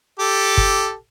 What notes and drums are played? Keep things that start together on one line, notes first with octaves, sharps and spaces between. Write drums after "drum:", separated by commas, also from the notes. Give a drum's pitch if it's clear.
G4 A4
drum: kick